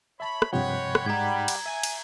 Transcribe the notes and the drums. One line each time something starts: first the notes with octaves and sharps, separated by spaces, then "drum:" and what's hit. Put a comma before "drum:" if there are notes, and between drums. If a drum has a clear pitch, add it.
C#5 E5 A5 B5
drum: rim click
G2 C3 F3 G#3 C#5 F#5 G5 B5
drum: rim click
G#2 G3 D#4 A#5 G#6
drum: cymbal
E5 G#5
drum: cymbal